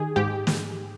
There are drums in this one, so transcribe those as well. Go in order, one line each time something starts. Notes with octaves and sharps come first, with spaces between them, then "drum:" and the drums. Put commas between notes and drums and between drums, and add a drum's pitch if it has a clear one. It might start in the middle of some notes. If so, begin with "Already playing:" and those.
Already playing: D#3 G4 G#4
G#2 G4
drum: snare